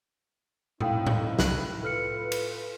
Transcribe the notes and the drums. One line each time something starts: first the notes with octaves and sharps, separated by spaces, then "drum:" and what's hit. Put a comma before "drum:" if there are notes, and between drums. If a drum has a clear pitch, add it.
F2 A2 C4 D#4 F5 G5 D#6, drum: tom A#2
drum: tom A2
C2 B5 F#6, drum: snare
F4 A4 B4 F6 C#7
drum: cymbal